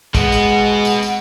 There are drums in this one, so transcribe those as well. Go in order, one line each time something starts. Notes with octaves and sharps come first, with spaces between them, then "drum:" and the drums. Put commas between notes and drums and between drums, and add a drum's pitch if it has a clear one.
B2 G#3 B3 F#5, drum: kick, tambourine
drum: tambourine
drum: tambourine
drum: tambourine